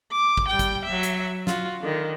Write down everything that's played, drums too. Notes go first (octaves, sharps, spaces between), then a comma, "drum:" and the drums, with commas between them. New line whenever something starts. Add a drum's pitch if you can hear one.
D6
drum: kick
G3 G5
drum: kick, hi-hat
F#3 E5
drum: hi-hat
F4 F#4, drum: snare
D3 D#3